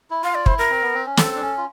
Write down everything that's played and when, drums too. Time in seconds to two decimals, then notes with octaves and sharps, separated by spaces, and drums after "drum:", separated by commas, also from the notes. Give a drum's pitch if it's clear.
0.10 E4
0.23 F4 F5
0.35 D5
0.46 E4 C5, drum: kick
0.58 A#4
0.70 C4
0.82 B3
0.94 C4
1.06 C#4
1.17 C4 A4, drum: snare
1.36 D4
1.41 C#4
1.57 F4